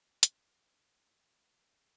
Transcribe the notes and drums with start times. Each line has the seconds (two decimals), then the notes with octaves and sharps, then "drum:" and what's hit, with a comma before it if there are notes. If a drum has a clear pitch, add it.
0.23 D3 A3 G5 A5, drum: hi-hat